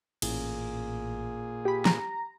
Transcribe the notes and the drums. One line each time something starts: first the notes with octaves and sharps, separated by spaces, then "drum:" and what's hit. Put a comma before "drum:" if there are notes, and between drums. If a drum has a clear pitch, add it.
A1 A#2 G#4, drum: cymbal
G4 B5
A#5, drum: snare